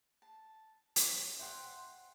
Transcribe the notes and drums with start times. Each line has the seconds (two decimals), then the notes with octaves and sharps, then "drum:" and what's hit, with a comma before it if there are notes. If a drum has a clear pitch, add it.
0.22 A5
0.96 C#5 D#5, drum: hi-hat
1.39 C5 E5 F#5 G5 C6